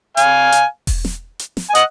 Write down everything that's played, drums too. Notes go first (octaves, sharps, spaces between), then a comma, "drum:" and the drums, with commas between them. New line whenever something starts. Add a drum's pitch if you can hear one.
F5 G#5, drum: hi-hat
drum: hi-hat
drum: kick E1, open hi-hat
drum: snare
drum: hi-hat
drum: snare
G#5
D#5 F#5, drum: hi-hat